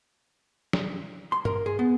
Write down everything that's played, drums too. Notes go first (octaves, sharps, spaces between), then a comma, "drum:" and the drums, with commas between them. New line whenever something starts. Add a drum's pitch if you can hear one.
drum: snare
C6
A#4, drum: tom
G#4
B3